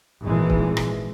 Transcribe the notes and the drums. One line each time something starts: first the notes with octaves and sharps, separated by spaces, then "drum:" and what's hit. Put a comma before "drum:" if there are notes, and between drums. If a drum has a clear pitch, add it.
G#1 A#2 E3 G#3
drum: kick C#1
drum: rim click